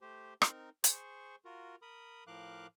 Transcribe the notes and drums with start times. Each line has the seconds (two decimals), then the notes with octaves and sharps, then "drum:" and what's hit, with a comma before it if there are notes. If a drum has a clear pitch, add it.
0.01 A3 G4 C5
0.42 C4 D#4 A#4, drum: rim click
0.84 G#4 C5 C#6, drum: hi-hat
1.45 F4 F#4 A#4
1.82 A#4 B5 D#6
2.27 A2 F3 A#4 F5 D6 F#6